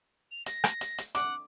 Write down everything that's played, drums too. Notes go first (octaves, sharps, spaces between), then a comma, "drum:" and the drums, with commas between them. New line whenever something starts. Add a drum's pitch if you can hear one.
F7
A#6, drum: hi-hat
drum: rim click
drum: hi-hat
drum: hi-hat
F#5 D6, drum: hi-hat